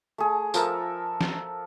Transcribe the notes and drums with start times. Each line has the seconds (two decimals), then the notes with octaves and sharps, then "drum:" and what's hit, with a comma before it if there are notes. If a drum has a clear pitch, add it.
0.18 A3 G#4
0.54 F3 A4 A#4 E5, drum: tambourine
1.21 drum: snare